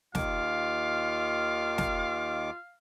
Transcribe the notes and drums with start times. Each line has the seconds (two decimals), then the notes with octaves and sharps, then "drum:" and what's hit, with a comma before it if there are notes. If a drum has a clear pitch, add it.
0.15 D#2 D#3 F4 F5 D6, drum: snare
1.78 drum: snare